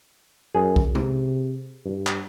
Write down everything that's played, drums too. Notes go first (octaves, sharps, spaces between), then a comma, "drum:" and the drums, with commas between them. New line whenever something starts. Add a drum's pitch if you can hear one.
F#2 G#4
drum: kick B1
C3, drum: tom
G2
drum: clap